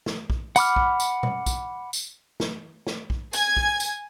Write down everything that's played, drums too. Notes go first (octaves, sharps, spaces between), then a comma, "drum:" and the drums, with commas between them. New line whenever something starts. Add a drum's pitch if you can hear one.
drum: snare
drum: kick A#1
F#5 B5 D6 F6, drum: tambourine
drum: kick A#1
drum: tambourine
drum: tom B2
drum: kick A#1, tambourine
drum: tambourine
drum: snare
drum: snare
drum: kick A#1
G#5 G#6, drum: tambourine
drum: kick A#1
drum: tambourine